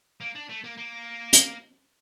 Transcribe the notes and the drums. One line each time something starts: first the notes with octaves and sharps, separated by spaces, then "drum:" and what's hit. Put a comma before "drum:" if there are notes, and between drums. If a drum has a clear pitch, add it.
A#3
D4
A3
A#3
A#3
drum: hi-hat